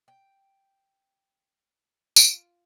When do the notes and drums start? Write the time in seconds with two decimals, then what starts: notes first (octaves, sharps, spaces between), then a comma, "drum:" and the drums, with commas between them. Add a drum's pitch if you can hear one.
0.08 G5
2.16 F4 F5, drum: tambourine